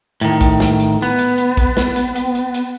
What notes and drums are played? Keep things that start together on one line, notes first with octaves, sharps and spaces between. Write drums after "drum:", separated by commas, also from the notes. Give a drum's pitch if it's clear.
A2 D#3
drum: kick, hi-hat
drum: snare
drum: hi-hat
B3
drum: hi-hat
drum: hi-hat
drum: kick, hi-hat
drum: snare
drum: hi-hat
drum: hi-hat
drum: hi-hat
drum: hi-hat